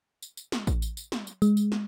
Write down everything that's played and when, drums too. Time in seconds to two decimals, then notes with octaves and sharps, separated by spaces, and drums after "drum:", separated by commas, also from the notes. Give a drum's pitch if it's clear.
0.22 drum: tambourine
0.37 drum: tambourine
0.52 drum: snare
0.67 drum: kick A1, tambourine
0.82 drum: tambourine
0.97 drum: tambourine
1.12 drum: snare
1.27 drum: tambourine
1.42 G#3, drum: tambourine
1.57 drum: tambourine
1.72 drum: snare